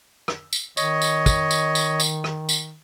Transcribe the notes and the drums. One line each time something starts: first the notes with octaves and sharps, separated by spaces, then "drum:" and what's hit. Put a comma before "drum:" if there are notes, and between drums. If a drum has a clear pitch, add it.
drum: rim click
drum: tambourine
D#3 C#5 D#5, drum: tambourine
drum: tambourine
drum: kick, tambourine
drum: tambourine
drum: tambourine
drum: tambourine
drum: rim click
drum: tambourine